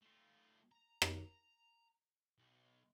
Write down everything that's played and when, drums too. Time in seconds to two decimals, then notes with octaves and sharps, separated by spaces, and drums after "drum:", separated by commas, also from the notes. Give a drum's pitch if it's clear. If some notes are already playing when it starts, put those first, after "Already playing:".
0.01 A3 F4
0.71 A#5
1.02 drum: rim click
2.38 B1